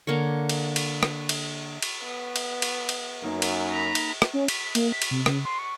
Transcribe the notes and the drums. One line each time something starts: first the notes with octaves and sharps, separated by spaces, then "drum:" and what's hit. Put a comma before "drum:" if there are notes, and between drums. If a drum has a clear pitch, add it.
D3 A#3 A#4 C#5
drum: cymbal
drum: cymbal
drum: rim click
drum: cymbal
drum: cymbal
B3
drum: cymbal
drum: cymbal
drum: cymbal
F#2 A#3 D#4
drum: cymbal
A#5 B5
drum: cymbal
drum: rim click
C#4
B6, drum: cymbal
A#3, drum: cymbal
B6
drum: cymbal
C3
C#3, drum: rim click
C6
C#6